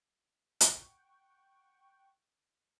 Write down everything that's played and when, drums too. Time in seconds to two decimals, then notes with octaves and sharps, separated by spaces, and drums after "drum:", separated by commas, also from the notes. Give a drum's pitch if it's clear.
0.61 F#5 G5 C#6, drum: hi-hat